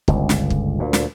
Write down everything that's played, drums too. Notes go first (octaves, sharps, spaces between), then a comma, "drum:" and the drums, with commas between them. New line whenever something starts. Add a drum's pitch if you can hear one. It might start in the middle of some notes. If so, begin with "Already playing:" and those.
G1 C#2, drum: kick
drum: snare
drum: kick
D2 A#2
drum: snare